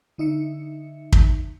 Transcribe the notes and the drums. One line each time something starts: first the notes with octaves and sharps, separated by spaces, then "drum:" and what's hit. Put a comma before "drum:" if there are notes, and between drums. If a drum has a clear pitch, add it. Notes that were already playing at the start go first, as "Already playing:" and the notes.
D3 D#4 E5 C#7
drum: kick